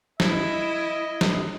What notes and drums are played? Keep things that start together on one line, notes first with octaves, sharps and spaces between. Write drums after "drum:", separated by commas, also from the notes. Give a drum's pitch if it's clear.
E4 D#5, drum: snare
drum: snare